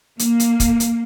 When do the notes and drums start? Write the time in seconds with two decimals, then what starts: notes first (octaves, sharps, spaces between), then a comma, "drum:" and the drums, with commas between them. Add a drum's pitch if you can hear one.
0.19 A#3, drum: hi-hat
0.40 drum: hi-hat
0.60 drum: kick, hi-hat
0.80 drum: hi-hat